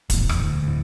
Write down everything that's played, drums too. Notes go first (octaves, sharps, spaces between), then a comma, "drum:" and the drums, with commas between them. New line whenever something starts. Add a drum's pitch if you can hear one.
A#1 E2 A2, drum: kick, hi-hat
E2 A2, drum: rim click
D2
D2 A2